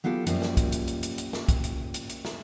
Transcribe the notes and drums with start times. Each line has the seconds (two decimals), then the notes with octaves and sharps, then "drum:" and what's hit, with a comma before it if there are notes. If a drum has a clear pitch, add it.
0.04 F#3 B3 F4 G4 A4
0.27 F#2 A#2 F3 G3, drum: hi-hat
0.42 drum: snare
0.57 drum: kick, hi-hat
0.72 drum: hi-hat
0.88 drum: hi-hat
1.03 drum: hi-hat
1.18 drum: hi-hat
1.33 drum: snare
1.48 drum: kick, hi-hat
1.64 drum: hi-hat
1.94 drum: hi-hat
2.09 drum: hi-hat
2.25 drum: snare